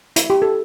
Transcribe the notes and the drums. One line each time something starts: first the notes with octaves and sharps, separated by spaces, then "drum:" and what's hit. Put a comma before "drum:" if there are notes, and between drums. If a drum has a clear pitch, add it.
E4, drum: hi-hat
G4
A4